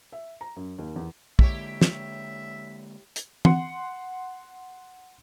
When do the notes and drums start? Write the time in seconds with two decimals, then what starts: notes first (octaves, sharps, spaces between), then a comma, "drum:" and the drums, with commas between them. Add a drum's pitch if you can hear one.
0.12 E5
0.41 A#5
0.56 F#2
0.78 D#2
0.96 E2
1.39 D3 G#3 A#3 E4 G4 C#5 E5, drum: kick
1.81 drum: snare
3.16 drum: hi-hat
3.45 F#5 C6 C#7, drum: tom E3